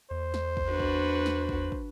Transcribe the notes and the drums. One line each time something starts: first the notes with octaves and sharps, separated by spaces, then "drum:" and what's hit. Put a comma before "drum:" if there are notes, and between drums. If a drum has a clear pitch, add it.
E2 C5
drum: snare
drum: kick
D4 F#4 B4
drum: kick
drum: snare
drum: kick
drum: kick